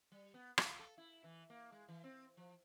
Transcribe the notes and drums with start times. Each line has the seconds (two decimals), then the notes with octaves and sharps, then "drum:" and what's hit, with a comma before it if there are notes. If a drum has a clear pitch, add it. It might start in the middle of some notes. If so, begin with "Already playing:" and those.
0.12 G3
0.34 B3
0.58 F4, drum: rim click
0.79 A4
0.98 E4
1.24 E3
1.50 A#3
1.72 G#3
1.89 E3
2.04 C4
2.37 F3